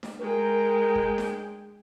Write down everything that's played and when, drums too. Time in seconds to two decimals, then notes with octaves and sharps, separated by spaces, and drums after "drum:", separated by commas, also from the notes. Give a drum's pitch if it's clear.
0.03 drum: snare D4
0.21 G#3 A#4 G5
0.95 drum: kick
1.18 drum: snare D4